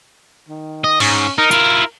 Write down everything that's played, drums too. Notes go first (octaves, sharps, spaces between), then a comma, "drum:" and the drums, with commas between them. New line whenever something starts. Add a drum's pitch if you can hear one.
D#3
D#5
G#2 C#4, drum: cymbal
D#4 A#4
E4 F4, drum: hi-hat